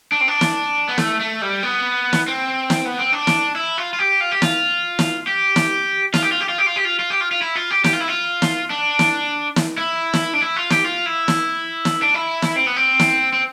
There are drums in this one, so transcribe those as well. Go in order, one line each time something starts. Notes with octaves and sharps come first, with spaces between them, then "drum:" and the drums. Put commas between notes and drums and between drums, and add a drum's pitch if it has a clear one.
D4
C4
D4
drum: snare
B3
A3, drum: snare
A3
G3
B3
drum: snare
C4
drum: snare
B3
C4
D4
drum: snare
E4
F4
F4
G4
F4
G4
F4, drum: snare
drum: snare
G4
drum: snare
F4, drum: snare
G4
F4
G4
F4
G4
F4
G4
F4
F4
G4
F4
F4
E4
F4
G4
G4, drum: snare
F4
E4
F4
drum: snare
D4
drum: snare
drum: snare
E4
drum: snare
D4
E4
F4
G4, drum: snare
F4
E4
drum: snare
drum: snare
D4
E4
drum: snare
C4
B3
C4
drum: snare
C4